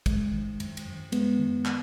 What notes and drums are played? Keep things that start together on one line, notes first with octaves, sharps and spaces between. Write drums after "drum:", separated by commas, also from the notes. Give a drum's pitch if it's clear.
G#3, drum: kick, cymbal
D#3
F#2, drum: cymbal
drum: cymbal
F#2
G#3 B3, drum: cymbal
D#3
drum: clap